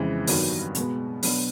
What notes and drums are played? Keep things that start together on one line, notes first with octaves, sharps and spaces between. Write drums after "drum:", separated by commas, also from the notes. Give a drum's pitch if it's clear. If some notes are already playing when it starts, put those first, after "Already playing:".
Already playing: F2 C#3 E3 G#3 C4
G2 D#3 F#3 B3, drum: open hi-hat
B2 G#3 B3, drum: hi-hat
B2 F#3 B3 D4, drum: open hi-hat